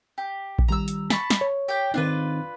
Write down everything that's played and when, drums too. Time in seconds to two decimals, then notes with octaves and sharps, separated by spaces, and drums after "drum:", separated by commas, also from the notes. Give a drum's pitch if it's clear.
0.18 G4
0.59 drum: kick A#1
0.68 D#3 G3 A#5 E6
0.88 drum: hi-hat
1.10 A5 B5 C#6, drum: snare
1.30 drum: snare
1.41 C#5
1.68 G4 G5
1.94 D#3 C4 D4 D#4 F4 B4